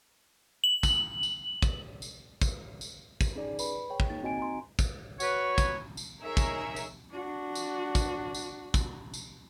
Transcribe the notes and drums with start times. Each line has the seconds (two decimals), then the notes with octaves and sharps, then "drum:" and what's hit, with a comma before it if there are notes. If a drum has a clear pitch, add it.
0.64 F#7
0.83 drum: kick, tambourine
1.23 drum: tambourine
1.62 drum: kick, tambourine
2.02 drum: tambourine
2.42 drum: kick, tambourine
2.81 drum: tambourine
3.21 drum: kick, tambourine
3.35 C#4 D#4 G#4 D5
3.59 B4 B5, drum: tambourine
3.89 G#4 C#5 G5
4.00 drum: kick
4.10 A#3 D#4 A6
4.22 C4 D#4 F#4 D#5 G#5 D7
4.39 A#5 C6
4.79 drum: kick, tambourine
5.20 F#4 B4 C#5, drum: tambourine
5.58 drum: kick, tambourine
5.97 drum: tambourine
6.22 D#4 G#4 A#4 C#5 E5
6.37 drum: kick, tambourine
6.76 drum: tambourine
7.11 D4 F#4
7.55 drum: tambourine
7.95 drum: kick, tambourine
8.35 drum: tambourine
8.74 drum: kick, tambourine
9.14 drum: tambourine